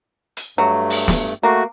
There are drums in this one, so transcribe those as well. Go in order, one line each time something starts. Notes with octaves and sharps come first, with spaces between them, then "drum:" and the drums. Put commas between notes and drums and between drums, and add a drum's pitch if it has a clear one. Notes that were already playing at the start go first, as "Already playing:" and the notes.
drum: hi-hat
G2 F#3 A3
drum: open hi-hat
drum: snare
A3 A#3 F#4